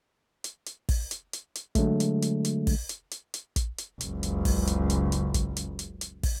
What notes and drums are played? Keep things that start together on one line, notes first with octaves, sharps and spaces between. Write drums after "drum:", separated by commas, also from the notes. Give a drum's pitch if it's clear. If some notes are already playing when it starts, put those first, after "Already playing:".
drum: hi-hat
drum: hi-hat
drum: kick, open hi-hat
drum: hi-hat
drum: hi-hat
drum: hi-hat
D3 F#3 G#3 A3, drum: kick, hi-hat
drum: hi-hat
drum: hi-hat
drum: hi-hat
drum: kick, open hi-hat
drum: hi-hat
drum: hi-hat
drum: hi-hat
drum: kick, hi-hat
drum: hi-hat
F#1 C#2, drum: hi-hat
drum: hi-hat
drum: kick, open hi-hat
drum: hi-hat
drum: hi-hat
drum: hi-hat
drum: kick, hi-hat
drum: hi-hat
drum: hi-hat
drum: hi-hat
drum: kick, open hi-hat